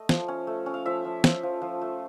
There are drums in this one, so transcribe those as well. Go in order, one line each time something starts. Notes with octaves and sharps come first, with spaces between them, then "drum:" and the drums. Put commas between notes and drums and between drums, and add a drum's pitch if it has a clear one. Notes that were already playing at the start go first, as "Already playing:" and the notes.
Already playing: A3 D#5
F3, drum: snare
C#4
A3
C#4
F5
F3 E5
F3
F3, drum: snare
F3
F3
A3